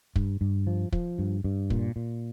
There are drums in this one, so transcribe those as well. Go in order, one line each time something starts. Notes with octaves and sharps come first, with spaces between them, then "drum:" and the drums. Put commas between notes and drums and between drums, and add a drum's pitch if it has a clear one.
G2, drum: kick
G2
F3
F3, drum: kick
G2
G2
A#2, drum: kick
A#2